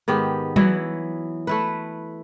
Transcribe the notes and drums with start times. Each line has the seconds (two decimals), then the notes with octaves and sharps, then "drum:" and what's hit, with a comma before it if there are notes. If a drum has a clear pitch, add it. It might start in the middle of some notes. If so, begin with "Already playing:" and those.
0.08 G#2 D#3 B3 G4
0.56 E3 F#3 B3 E4, drum: tom F#3
1.47 A3 E4 B4